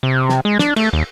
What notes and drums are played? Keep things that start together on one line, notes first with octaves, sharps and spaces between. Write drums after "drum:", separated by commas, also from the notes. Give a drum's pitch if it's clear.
C3
drum: snare
G#3
D4, drum: snare
A3, drum: cymbal
D#2